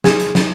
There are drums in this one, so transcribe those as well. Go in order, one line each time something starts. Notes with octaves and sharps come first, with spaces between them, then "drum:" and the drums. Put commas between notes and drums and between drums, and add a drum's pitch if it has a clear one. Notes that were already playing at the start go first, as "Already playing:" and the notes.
G#4, drum: snare
drum: hi-hat
drum: snare